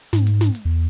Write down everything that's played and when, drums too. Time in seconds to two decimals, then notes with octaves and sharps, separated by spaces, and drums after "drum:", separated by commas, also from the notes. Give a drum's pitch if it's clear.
0.13 G#2, drum: snare
0.27 drum: hi-hat
0.41 drum: snare
0.55 drum: hi-hat
0.65 E2